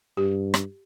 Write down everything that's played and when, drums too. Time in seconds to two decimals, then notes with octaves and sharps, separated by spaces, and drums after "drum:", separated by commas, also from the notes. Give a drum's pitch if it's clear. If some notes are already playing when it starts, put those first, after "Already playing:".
0.17 G2 G4
0.54 drum: rim click